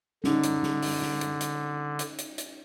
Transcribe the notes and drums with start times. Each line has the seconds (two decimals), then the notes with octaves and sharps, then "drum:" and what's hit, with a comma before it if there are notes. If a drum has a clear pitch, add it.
0.24 D3 C#4 D#4, drum: snare
0.43 drum: hi-hat
0.63 drum: snare
0.82 drum: open hi-hat
1.02 drum: snare
1.21 drum: hi-hat
1.41 drum: hi-hat
1.99 drum: hi-hat
2.18 drum: hi-hat
2.38 drum: hi-hat